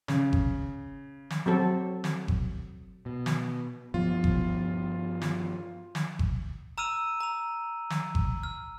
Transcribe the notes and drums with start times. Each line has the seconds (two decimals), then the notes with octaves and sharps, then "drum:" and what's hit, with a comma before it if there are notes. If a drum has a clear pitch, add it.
0.08 C#3, drum: snare
0.33 drum: kick G1
1.30 drum: snare
1.46 F#3 C4 A4
2.04 drum: snare
2.28 drum: kick G1
3.06 B2
3.26 drum: snare
3.94 G2 F3 B3 F4
4.24 drum: kick G1
5.22 drum: snare
5.95 drum: snare
6.19 drum: kick G1
6.78 A#5 E6 F6 D#7 F7
7.20 A#5 F7
7.90 drum: snare
8.15 drum: kick G1
8.43 F6